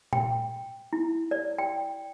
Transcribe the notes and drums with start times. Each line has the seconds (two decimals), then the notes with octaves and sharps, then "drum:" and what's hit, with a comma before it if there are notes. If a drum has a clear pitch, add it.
0.13 G5, drum: tom A#2
0.93 E4
1.31 D5
1.58 G5